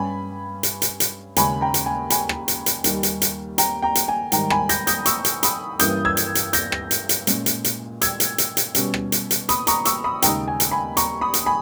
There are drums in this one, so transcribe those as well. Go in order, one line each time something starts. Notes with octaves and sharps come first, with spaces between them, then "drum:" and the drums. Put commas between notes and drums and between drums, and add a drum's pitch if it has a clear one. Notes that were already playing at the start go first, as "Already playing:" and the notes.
Already playing: G2 G3 C#4 G#5 B5
drum: hi-hat
drum: hi-hat
drum: hi-hat
D#2 C#3 G#3 C#4 G#5 B5, drum: hi-hat
G5 A#5
drum: hi-hat
G#5
G#5 B5, drum: hi-hat
drum: rim click
drum: hi-hat
drum: hi-hat
D#2 D#3 G3, drum: hi-hat
drum: hi-hat
drum: hi-hat
G5 A#5, drum: hi-hat
G5 A#5
drum: hi-hat
G#5
G#2 D#3 G3 G5 A#5, drum: hi-hat
G#5 B5, drum: rim click
G6 A#6, drum: hi-hat
D#6 G6, drum: hi-hat
C#6 E6, drum: hi-hat
drum: hi-hat
B5 D#6, drum: hi-hat
G2 E3 A#3 C#4 D#6 G6, drum: hi-hat
E6 G#6
drum: hi-hat
drum: hi-hat
G6 A#6, drum: hi-hat
drum: rim click
drum: hi-hat
drum: hi-hat
A#2 G#3 C#4, drum: hi-hat
drum: hi-hat
drum: hi-hat
E6 G#6, drum: hi-hat
drum: hi-hat
drum: hi-hat
drum: hi-hat
B2 G3 C#4, drum: hi-hat
drum: rim click
drum: hi-hat
drum: hi-hat
B5 D#6, drum: hi-hat
A#5 C#6, drum: hi-hat
C#6 E6, drum: hi-hat
B5 D#6
D#2 C#3 G#3 D#4 G5 A#5, drum: hi-hat
G#5
drum: hi-hat
G#5 B5
A#5 C#6, drum: hi-hat
B5 D#6
drum: hi-hat
G#5 B5